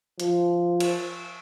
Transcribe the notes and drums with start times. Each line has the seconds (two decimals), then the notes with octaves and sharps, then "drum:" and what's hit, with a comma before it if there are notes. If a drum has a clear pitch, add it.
0.20 F3, drum: hi-hat
0.80 drum: cymbal